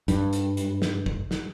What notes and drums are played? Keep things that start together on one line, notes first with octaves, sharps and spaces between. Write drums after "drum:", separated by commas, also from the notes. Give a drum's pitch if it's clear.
G2, drum: hi-hat
drum: hi-hat
drum: hi-hat
drum: snare
drum: kick G1
drum: snare